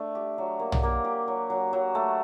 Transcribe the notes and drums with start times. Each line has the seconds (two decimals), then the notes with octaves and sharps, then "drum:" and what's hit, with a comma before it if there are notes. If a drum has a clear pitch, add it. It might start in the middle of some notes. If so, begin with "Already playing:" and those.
Already playing: A3 D4
0.15 G4
0.38 F#3
0.59 A#3
0.72 drum: tom
0.83 A#3
1.04 G4
1.28 F#3
1.50 F#3
1.73 F#3
1.95 A3